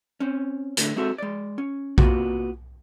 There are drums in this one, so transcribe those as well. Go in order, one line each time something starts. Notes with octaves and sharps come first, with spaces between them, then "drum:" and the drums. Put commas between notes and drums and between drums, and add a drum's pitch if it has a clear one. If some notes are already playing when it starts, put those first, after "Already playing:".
C4 C#4
D2 A2 D3, drum: hi-hat
G#3 C4 F#4 A4 C5 E5
G#3 D5
C#4
C3 A#3 B3 F4 F#4, drum: kick A#1